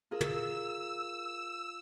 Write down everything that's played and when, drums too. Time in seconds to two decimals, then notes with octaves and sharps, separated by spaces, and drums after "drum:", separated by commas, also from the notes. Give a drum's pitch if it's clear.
0.11 F4 G#4 A#4 E6
0.21 drum: tom